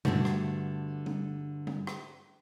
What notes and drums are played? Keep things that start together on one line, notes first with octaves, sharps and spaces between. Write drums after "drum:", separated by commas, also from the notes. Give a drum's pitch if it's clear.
G2 D3 A3 F#4, drum: tom B2
drum: rim click
drum: tom G3
drum: tom G3
drum: rim click